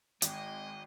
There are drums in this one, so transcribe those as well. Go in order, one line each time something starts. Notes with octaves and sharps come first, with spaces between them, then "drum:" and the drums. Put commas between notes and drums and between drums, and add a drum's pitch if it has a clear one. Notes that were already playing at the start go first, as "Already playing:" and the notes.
G#1 G#3 D#5 G5, drum: hi-hat